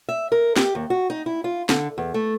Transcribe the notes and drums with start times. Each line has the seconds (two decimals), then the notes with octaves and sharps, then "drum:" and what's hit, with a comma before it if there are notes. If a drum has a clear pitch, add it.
0.09 E5
0.32 A#4
0.56 G4, drum: snare
0.75 D#2
0.90 F#4
1.10 D#4
1.26 E4
1.44 F4
1.69 D3, drum: snare
1.98 E2
2.14 A3